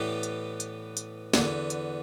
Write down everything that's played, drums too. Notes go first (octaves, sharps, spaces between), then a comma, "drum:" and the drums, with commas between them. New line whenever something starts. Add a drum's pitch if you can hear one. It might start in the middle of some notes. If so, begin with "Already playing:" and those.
Already playing: A2 E3 B3 G4 D5
drum: hi-hat
drum: hi-hat
drum: hi-hat
E2 D3 B3, drum: snare
drum: hi-hat